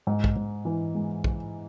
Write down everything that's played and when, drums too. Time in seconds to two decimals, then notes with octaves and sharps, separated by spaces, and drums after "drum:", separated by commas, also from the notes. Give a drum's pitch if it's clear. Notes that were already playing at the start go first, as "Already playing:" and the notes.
0.07 G#2
0.24 drum: kick
0.36 G#2
0.65 E3
0.95 G#3
1.24 drum: kick